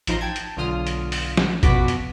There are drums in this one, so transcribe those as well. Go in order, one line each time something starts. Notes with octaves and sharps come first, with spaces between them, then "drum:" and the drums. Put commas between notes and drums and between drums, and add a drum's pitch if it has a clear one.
A1 F3 D#4 F4 A#5 C6, drum: hi-hat
G5 A5 G#6
drum: hi-hat
B1 D3 F4 D#6 F6
drum: hi-hat
drum: open hi-hat
drum: snare
F2 B2 B3 F#4 D6 B6, drum: kick G#1, hi-hat
drum: hi-hat